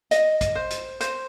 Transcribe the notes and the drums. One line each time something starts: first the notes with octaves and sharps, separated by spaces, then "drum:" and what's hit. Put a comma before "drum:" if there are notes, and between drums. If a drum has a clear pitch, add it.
D#5, drum: hi-hat
drum: kick, hi-hat
C5
drum: hi-hat
C5, drum: hi-hat